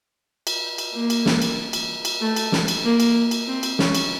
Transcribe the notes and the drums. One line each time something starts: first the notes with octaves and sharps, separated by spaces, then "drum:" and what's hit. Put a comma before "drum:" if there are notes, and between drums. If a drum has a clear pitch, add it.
drum: cymbal
drum: cymbal
A#3
drum: cymbal
drum: snare
drum: cymbal
drum: cymbal
drum: cymbal
A3
drum: cymbal
drum: snare
drum: cymbal
A#3
drum: cymbal
drum: cymbal
C4
drum: cymbal
C#4, drum: snare
drum: cymbal